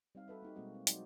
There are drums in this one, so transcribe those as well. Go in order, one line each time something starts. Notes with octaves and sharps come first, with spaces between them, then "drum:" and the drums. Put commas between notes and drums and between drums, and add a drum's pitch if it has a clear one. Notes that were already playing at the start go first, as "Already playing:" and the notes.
G3 C4 D#4 F5
F#4 A4 B4 E5
A#3 D#4 G4
B2 G3 G#3 A#3 C4 F#4
C4
F#3 G#3 D#4 F#4 C5 D5, drum: hi-hat